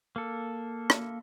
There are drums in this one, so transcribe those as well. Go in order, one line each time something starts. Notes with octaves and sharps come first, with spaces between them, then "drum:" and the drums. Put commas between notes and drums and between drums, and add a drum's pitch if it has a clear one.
A#3 A4
drum: rim click